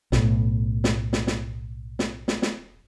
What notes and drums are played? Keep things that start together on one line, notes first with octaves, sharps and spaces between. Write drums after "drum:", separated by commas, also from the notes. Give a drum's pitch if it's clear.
B1 A2, drum: snare
drum: snare
drum: snare
drum: snare
drum: snare
drum: snare
drum: snare